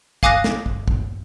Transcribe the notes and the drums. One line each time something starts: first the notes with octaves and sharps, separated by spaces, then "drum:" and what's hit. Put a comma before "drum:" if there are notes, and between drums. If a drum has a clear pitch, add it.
F5 G#5 D6 D#6 F#6 A#6, drum: kick
drum: snare
drum: kick
drum: kick